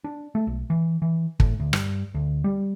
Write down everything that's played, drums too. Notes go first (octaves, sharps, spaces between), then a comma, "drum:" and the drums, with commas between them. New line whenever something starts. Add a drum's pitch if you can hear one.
D4
A3
B1
E3
E3
A2, drum: kick
D2
G2, drum: rim click
D2
G3